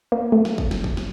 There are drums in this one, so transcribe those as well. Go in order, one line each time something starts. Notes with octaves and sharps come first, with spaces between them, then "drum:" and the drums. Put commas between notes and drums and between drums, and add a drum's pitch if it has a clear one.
A#3
A3
drum: snare
drum: kick
drum: snare
drum: kick
drum: snare